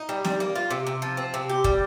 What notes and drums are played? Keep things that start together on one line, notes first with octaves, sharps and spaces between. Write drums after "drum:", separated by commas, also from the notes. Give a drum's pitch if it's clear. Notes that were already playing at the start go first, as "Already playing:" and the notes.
Already playing: D#4
G3
G3, drum: snare
A#3
F4
C3
C3
F3
C4
C3
G4
G3, drum: kick